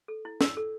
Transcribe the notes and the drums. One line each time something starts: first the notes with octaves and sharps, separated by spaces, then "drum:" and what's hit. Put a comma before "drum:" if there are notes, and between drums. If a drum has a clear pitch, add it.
A4
E4
E4 E6, drum: snare
A4